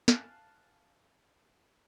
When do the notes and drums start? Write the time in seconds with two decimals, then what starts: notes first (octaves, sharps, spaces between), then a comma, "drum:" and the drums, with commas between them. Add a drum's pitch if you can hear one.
0.08 F5 G#5 A5 F6 F#6, drum: snare